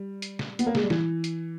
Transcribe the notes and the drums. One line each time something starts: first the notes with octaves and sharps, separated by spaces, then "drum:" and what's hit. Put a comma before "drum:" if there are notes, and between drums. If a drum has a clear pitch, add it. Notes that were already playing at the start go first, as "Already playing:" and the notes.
Already playing: G3
drum: hi-hat
drum: snare
B3, drum: hi-hat
A#3
G#3, drum: snare
G3
E3, drum: snare
drum: hi-hat